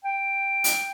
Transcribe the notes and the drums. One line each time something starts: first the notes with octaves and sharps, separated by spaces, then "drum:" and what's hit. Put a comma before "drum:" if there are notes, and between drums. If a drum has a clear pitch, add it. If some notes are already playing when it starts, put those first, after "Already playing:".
G5
drum: hi-hat